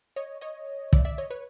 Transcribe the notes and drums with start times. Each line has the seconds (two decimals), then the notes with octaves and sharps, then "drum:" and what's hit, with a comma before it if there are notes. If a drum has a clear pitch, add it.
0.16 C#5 D#5
0.41 C#5 D#5
0.93 D5 E5, drum: kick
1.05 D5 E5
1.18 C#5 D#5
1.30 B4 C#5